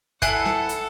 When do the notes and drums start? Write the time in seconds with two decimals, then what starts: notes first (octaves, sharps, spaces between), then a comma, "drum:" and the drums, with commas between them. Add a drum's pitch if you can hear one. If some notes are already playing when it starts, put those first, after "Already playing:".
0.22 E4 A4 F#5 G#5 F#6 C7, drum: kick, hi-hat
0.45 drum: snare
0.69 drum: hi-hat